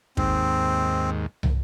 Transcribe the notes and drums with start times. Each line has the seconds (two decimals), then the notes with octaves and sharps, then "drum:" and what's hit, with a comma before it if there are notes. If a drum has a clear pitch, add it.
0.17 D#2 G#2 C4, drum: kick
1.43 drum: tom